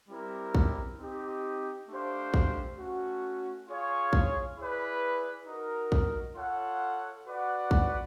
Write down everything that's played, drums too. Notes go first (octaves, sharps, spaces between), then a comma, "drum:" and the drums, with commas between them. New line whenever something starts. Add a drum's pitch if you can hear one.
G3 C4 E4 G4 A#4
drum: kick
C4 D#4 G4
A3 D4 G4 C5 F5
drum: kick
A3 C#4 F#4
F4 G#4 C#5 F5
drum: kick
E4 G#4 B4 D5
D#4 F#4 A#4
drum: kick
F4 A4 C#5 F#5
F#4 B4 D5 F#5
drum: kick